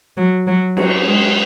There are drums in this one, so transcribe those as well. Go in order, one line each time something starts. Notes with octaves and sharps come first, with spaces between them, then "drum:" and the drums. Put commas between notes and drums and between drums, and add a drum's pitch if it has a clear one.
F#3
F#3
F#3, drum: cymbal
G#3